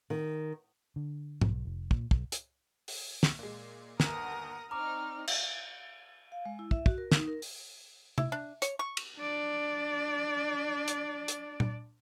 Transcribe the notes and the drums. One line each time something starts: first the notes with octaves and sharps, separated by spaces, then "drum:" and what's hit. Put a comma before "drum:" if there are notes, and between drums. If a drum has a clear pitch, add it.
D#3
D3
B1, drum: tom G#2
F1
A#2, drum: kick
B1, drum: kick
drum: hi-hat
drum: open hi-hat
drum: snare
A#2 G#3
G1 D#2 A#4 F#5 D#6 A#6, drum: snare
C4 D#4 D5 A#5 C#6 D6 F6
drum: cymbal
F5
G#3
E4
E5, drum: kick
F#4, drum: kick
A#4
D#4, drum: snare
A#4
drum: open hi-hat
E4, drum: tom
D4
C#5, drum: hi-hat
C#6
drum: cymbal
D4 D5
drum: hi-hat
drum: hi-hat
drum: tom A#2